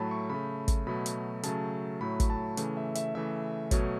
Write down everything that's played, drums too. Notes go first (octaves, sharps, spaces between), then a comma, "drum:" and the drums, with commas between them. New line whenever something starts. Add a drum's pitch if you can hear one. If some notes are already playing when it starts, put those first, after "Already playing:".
Already playing: A2 F#3 A3 A5 B5
C#6
C#3 A3 B5
drum: kick, hi-hat
B2 F#3 A3 B5
drum: hi-hat
C#3 F#3 A3 A5, drum: hi-hat
A2 F#3 A3 B5
drum: kick, hi-hat
A5
C#3 E3 A3, drum: hi-hat
E5
E5, drum: hi-hat
C#3 E3 A3 E5
B2 F#3 A3 C#5, drum: kick, hi-hat